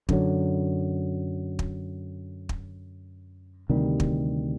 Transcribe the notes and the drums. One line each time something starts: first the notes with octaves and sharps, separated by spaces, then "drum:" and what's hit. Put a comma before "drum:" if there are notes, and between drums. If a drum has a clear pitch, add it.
F#2 D3 F#3, drum: kick
drum: kick
drum: kick
D2 C3 D#3 G3
drum: kick